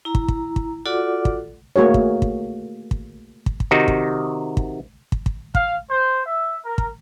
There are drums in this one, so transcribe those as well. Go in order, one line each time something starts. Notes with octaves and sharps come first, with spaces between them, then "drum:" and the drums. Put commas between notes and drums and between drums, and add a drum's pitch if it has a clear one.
E4 A#5
drum: kick
drum: kick
drum: kick
F4 F#4 A4 D5 F#5 D6
drum: kick
A3 A#3 F#4 G#4 C#5
drum: kick
drum: kick
drum: kick
drum: kick
drum: kick
C3 D#3 D#4 F#4
drum: kick
drum: kick
drum: kick
drum: kick
F5, drum: kick
C5
E5
A#4
drum: kick